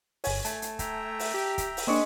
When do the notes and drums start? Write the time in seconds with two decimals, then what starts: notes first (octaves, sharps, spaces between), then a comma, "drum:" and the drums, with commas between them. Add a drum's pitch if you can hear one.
0.24 G1 C#5 G#5, drum: open hi-hat
0.45 A3 A5, drum: hi-hat
0.62 drum: hi-hat
0.79 E5 G5 A#5, drum: kick, hi-hat
1.19 drum: open hi-hat
1.34 G4
1.58 drum: kick, hi-hat
1.77 drum: open hi-hat
1.87 G#3 A#3 C4 D4 D5 C#6